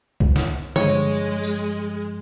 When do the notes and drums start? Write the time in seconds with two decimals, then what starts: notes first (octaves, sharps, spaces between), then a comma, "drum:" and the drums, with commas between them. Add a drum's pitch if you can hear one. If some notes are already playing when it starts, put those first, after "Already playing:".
0.20 drum: kick
0.36 drum: snare
0.76 G2 F3 G#3 C#5, drum: tom D3
1.43 drum: tambourine